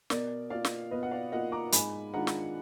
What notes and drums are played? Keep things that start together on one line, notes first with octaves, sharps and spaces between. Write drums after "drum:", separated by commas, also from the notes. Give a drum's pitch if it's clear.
B2 A#4 D5, drum: snare
A#3 F4 D5 F5
drum: snare
B2 B4 D#5
F#5
D5 F5
A#3 F4 D#5 F#5
A#5 D6
G#2 G#5 B5, drum: hi-hat
D#3 G#3 D4 F4 F#5 A#5
drum: snare